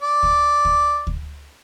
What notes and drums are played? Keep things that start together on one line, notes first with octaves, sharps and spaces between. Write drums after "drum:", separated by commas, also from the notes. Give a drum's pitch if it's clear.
D5 D6
drum: kick D2
drum: kick D2
drum: kick D2